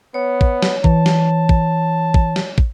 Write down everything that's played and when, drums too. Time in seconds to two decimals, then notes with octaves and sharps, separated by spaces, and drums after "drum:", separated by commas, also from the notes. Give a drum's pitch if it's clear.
0.14 B3 C#5
0.41 drum: kick
0.62 drum: snare
0.84 E3 A5, drum: kick
1.06 drum: snare
1.49 drum: kick
2.14 drum: kick
2.36 drum: snare
2.58 drum: kick